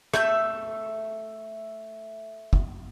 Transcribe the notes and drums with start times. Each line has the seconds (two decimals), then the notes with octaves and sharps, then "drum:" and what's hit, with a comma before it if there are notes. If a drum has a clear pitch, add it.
0.14 A3 E5 G6, drum: rim click
2.53 drum: kick